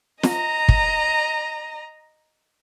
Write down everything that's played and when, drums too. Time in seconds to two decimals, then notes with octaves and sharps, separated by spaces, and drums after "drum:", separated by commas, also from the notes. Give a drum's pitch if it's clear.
0.23 D#5 A#5, drum: snare
0.68 drum: kick